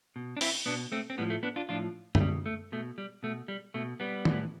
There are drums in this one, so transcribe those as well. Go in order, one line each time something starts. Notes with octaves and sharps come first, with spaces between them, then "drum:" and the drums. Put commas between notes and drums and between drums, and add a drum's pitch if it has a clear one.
B2
D4
C4 E4, drum: open hi-hat
B2 B3 D4
A3 C4
C4
A2 F3 G3 B3
A3
B3 D4
D4 F4
A2 F3 D4 F4
A3, drum: tom
B2 G3
A3
B2 A3
G3
B2 A3
G3
B2 A3
G3 B3
A2 E3, drum: tom D#3